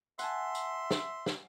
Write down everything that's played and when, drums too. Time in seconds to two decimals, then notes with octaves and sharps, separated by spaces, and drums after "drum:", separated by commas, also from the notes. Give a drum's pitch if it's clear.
0.19 E5 F#5 G#5 A5 C6, drum: tambourine
0.55 drum: tambourine
0.91 drum: snare
1.26 drum: snare